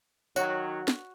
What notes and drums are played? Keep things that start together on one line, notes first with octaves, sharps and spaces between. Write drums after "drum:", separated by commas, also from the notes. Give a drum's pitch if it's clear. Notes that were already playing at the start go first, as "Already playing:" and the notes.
D#3 F#3 F#4 C#5, drum: tambourine
drum: snare